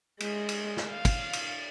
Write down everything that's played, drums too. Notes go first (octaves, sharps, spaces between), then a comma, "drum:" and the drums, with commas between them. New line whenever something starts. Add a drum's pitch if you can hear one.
G#3, drum: cymbal
drum: cymbal
drum: snare
F5
drum: kick, cymbal
drum: cymbal